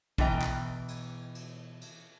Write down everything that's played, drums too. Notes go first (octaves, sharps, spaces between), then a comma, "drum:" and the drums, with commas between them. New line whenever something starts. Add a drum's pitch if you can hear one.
B2 E3 D#5 G5 A#5, drum: kick
drum: clap
drum: cymbal
drum: cymbal
drum: cymbal